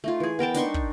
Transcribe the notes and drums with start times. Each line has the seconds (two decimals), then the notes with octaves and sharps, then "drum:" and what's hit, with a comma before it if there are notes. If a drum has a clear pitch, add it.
0.04 A3 D#4 F4
0.20 E3 G#4
0.39 B3 A#4 G5 A5
0.54 D4 D#4 C6 C#6, drum: snare
0.74 drum: kick